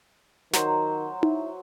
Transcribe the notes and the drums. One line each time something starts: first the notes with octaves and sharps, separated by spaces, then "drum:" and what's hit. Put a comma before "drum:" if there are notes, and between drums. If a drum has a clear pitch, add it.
D#3 F#3 C5, drum: snare
E4, drum: tom D#4